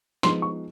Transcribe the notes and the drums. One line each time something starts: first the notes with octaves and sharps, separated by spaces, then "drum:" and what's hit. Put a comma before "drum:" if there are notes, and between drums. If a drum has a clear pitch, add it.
F3 G#3 B3 D#4 C6, drum: snare
C#6